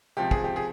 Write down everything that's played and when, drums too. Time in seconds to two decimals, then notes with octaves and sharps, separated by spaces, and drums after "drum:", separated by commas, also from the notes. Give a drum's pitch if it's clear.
0.17 C#2 C3 F3 G4
0.31 G#4, drum: kick
0.44 G4
0.56 G#4